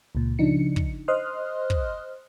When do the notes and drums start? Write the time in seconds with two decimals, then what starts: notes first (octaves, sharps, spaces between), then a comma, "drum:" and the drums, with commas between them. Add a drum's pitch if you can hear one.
0.15 C#2 A#2
0.39 C#3 F3 D4 D#4 C#7
0.76 drum: kick
1.08 C5 D#5 C6 D#6 F6 F#6
1.70 drum: kick